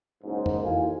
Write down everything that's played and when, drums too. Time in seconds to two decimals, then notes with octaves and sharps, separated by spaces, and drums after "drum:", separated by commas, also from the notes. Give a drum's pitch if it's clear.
0.24 F#1 G#2
0.46 drum: tom F2
0.64 D#2 E3 F#4 A4 F5 G#5